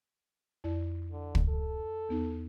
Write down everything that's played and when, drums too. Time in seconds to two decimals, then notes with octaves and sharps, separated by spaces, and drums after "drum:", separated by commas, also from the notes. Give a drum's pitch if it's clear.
0.64 F2 E4 D5
1.12 D3
1.35 drum: kick
1.48 A4
2.09 E2 B3 D#4